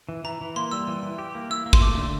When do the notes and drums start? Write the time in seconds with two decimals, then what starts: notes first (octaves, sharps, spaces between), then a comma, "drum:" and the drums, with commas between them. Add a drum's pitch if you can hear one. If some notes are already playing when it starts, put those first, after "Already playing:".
0.09 E3
0.24 E3 A#5
0.41 E3
0.56 A#3 C6
0.71 G3 E6
0.88 E3
1.03 E3
1.18 G4
1.35 A#3
1.50 E4 E6
1.66 A#3
1.73 C6, drum: kick
1.81 A3 D6
1.97 D3